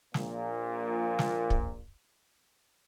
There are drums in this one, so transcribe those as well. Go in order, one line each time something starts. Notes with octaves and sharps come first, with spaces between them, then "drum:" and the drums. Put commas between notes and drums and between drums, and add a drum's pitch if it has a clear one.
A#1 A#2, drum: snare
drum: snare
drum: kick